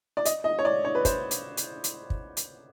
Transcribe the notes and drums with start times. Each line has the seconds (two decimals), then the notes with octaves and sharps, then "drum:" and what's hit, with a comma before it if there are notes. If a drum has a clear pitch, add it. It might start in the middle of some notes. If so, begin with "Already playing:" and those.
0.17 D5
0.25 D#5, drum: hi-hat
0.44 D#5
0.59 C#5
0.65 D5
0.85 C#5
0.95 B4
1.05 C5, drum: kick, hi-hat
1.31 drum: hi-hat
1.57 drum: hi-hat
1.84 drum: hi-hat
2.10 drum: kick
2.37 drum: hi-hat